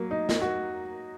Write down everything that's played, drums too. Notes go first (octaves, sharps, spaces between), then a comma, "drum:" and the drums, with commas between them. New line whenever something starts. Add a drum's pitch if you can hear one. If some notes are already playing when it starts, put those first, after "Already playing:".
Already playing: F#3 A#3
D#4
drum: snare
F#4